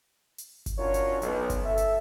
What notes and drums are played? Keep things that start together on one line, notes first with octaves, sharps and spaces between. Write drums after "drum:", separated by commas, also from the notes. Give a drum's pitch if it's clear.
drum: hi-hat
drum: kick G1, hi-hat
C#4 D4 F4 F#4 A#4 C#5
drum: hi-hat
B1, drum: hi-hat
drum: kick G1, hi-hat
A4 E5
drum: hi-hat